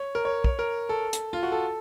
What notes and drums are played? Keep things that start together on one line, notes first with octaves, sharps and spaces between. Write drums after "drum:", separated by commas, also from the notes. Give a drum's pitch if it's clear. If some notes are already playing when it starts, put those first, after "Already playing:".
Already playing: C#5
A#4
C#5
C#5, drum: kick
A#4
A4
drum: hi-hat
F4
F#4
A4